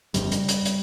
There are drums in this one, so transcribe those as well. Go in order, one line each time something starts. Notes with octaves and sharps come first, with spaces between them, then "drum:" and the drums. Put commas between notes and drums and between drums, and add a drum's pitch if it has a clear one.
G1 F2 C#3 G3, drum: hi-hat
drum: hi-hat
drum: hi-hat
drum: hi-hat